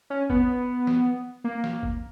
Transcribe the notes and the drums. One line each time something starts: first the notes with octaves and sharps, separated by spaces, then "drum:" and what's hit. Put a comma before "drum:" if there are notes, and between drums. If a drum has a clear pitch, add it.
C#4
B3, drum: kick F#1
drum: snare
A#3
drum: snare
drum: kick F#1